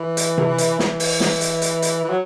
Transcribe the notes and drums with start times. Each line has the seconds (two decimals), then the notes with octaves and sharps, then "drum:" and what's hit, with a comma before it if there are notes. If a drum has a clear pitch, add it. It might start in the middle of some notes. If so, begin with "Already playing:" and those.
Already playing: E3
0.17 drum: hi-hat
0.38 drum: tom C3
0.58 drum: hi-hat
0.79 E3, drum: snare
1.00 drum: open hi-hat
1.20 drum: snare
1.41 drum: hi-hat
1.62 drum: hi-hat
1.82 drum: hi-hat
2.04 E3
2.10 F#3